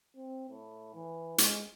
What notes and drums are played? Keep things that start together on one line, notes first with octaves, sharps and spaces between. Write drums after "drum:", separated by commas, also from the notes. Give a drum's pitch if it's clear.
C4
A2
E3
G#3, drum: hi-hat